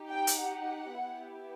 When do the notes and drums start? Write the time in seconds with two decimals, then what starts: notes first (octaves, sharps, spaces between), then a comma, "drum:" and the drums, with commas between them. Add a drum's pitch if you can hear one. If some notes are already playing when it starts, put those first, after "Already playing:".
Already playing: D#4 G4
0.11 G5
0.27 drum: hi-hat
0.41 F#5
0.98 B3 E4 G4